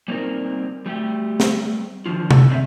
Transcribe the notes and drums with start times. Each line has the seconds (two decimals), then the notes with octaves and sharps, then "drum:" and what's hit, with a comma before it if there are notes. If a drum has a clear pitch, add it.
0.08 G3 A#3 C4 D#4 A#4
0.86 G3 A3 G4
1.40 drum: snare
2.06 D3 D#3 F3 F4
2.31 A#2 A4, drum: tom C3
2.49 D3 C4 D5 E5